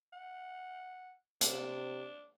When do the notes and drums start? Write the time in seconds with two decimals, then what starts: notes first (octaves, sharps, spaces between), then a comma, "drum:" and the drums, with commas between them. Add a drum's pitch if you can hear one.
0.13 F#5
1.41 C3 D4, drum: hi-hat